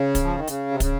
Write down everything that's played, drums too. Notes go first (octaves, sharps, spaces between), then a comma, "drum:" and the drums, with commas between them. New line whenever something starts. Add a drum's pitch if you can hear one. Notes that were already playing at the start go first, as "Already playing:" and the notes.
Already playing: C#3
drum: kick, hi-hat
F3
D#3
C#3, drum: hi-hat
C3
C#3, drum: kick, hi-hat